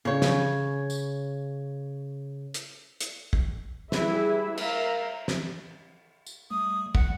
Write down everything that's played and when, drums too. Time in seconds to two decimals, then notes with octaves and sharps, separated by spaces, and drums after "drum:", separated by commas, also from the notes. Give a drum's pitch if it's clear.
0.05 C#3 C#5
0.22 drum: snare
0.90 drum: tambourine
2.54 drum: hi-hat
3.01 drum: hi-hat
3.33 drum: kick
3.92 G3 E4 G#4 B4 E5, drum: snare
4.57 A#4 E5 F5 A#5, drum: cymbal
5.28 drum: snare
6.27 drum: tambourine
6.51 G3 A3 D#6
6.95 G3 F#5, drum: kick